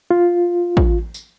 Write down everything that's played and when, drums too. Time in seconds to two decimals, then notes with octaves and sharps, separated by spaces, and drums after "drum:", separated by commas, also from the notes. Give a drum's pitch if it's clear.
0.11 F4
0.77 drum: kick
1.14 drum: tambourine